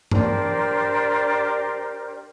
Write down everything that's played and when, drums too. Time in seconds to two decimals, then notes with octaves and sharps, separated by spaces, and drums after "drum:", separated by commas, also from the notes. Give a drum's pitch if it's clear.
0.11 D4 G4 A#4 C5, drum: tom G2